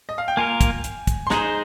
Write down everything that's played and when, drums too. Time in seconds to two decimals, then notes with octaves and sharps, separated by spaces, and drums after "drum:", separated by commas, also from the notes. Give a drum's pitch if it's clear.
0.09 D#5
0.18 F5
0.28 G5
0.37 A#3 F4 A#4 G#5
0.61 drum: kick, hi-hat
0.84 drum: hi-hat
1.07 drum: kick, hi-hat
1.27 C6
1.30 G#3 D#4 G#4 C5 A#5, drum: snare